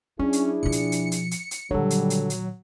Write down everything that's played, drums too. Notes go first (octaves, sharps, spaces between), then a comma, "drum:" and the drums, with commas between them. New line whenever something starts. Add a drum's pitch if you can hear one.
F#3 C#4 D4 E4 G#4
drum: hi-hat
B2 F3 C#7
drum: hi-hat
drum: hi-hat
drum: hi-hat
drum: hi-hat
drum: hi-hat
A#2 D3 D#3 F#3 G3 A4
drum: hi-hat
drum: hi-hat
drum: hi-hat